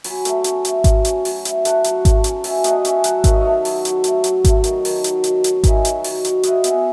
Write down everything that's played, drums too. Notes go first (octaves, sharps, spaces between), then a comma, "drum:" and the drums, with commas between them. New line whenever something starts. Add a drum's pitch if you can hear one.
F#3 G#5 B5, drum: open hi-hat
A3, drum: hi-hat
C#4, drum: hi-hat
A3, drum: hi-hat
F#3, drum: kick G#1, hi-hat
C#4, drum: hi-hat
F#3, drum: open hi-hat
E4, drum: hi-hat
A3 F#5 A5, drum: hi-hat
F#3, drum: hi-hat
A3, drum: kick G#1, hi-hat
C#4, drum: hi-hat
F#3 E5 G#5, drum: open hi-hat
A3 D#5 F#5, drum: hi-hat
C#4 E5 G#5, drum: hi-hat
F#3 F#5 A5, drum: hi-hat
D#3 E5, drum: kick G#1, hi-hat
D#5
A3 C#5 E5
F#3, drum: open hi-hat
F#3, drum: hi-hat
A3, drum: hi-hat
F#3, drum: hi-hat
A3, drum: kick G#1, hi-hat
D#3, drum: hi-hat
D#3, drum: open hi-hat
F#3, drum: hi-hat
F#3, drum: hi-hat
F#3, drum: hi-hat
D#3 E5 G#5, drum: kick G#1, hi-hat
F#3, drum: hi-hat
F#3, drum: open hi-hat
F#3, drum: hi-hat
E4 D#5 F#5, drum: hi-hat
B3 E5 G#5, drum: hi-hat